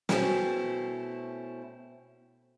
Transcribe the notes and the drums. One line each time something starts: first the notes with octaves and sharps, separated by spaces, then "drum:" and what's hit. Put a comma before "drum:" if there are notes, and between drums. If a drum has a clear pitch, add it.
B2 A3 C4 C#4 E4, drum: snare